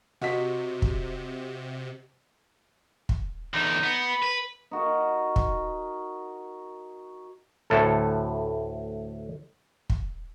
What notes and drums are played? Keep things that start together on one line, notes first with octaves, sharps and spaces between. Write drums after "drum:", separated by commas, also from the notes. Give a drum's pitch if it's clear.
C3 F#4 D#5 B6
drum: kick
drum: kick
E2 D3 D#4
B3
B5
B4
D#4 F#4 A#4
drum: kick
D2 A2 A4
drum: kick